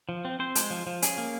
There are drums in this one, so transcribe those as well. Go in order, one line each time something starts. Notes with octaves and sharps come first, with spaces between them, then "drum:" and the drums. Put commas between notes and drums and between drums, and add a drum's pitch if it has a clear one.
F3
C4
C4 C5
G#3, drum: hi-hat
F3
F3
C#4 G#4, drum: hi-hat
A#3